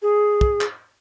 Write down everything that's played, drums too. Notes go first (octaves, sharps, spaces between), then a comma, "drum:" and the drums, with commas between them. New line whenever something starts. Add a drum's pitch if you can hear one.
G#4
drum: kick
drum: clap